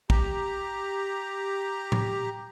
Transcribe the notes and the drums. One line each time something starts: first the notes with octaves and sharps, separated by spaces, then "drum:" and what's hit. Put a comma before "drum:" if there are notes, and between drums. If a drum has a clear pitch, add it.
G4 A#5, drum: kick
drum: tom A2